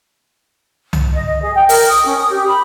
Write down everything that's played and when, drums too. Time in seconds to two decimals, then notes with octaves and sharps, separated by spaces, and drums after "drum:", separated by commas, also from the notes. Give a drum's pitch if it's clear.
0.93 drum: tom C2
1.13 D#5
1.25 D#5
1.42 G#4
1.55 G5
1.69 A#4, drum: open hi-hat
1.87 D#6
2.05 C#4
2.17 D#6
2.31 G4
2.47 B5